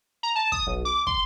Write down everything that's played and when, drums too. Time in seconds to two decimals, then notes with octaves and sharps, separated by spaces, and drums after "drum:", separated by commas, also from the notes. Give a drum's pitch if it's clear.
0.23 A#5
0.35 A5
0.52 D#6, drum: kick
0.67 B1
0.85 D6
1.07 C6, drum: kick